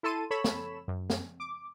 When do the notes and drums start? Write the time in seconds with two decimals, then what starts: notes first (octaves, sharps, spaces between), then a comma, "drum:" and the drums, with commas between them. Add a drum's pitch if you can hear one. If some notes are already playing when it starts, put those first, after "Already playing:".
0.03 E4 A4 A5 C6 D#7
0.31 A4 C#5 B5 E7
0.44 drum: snare
0.88 F#2
1.10 drum: snare
1.40 D6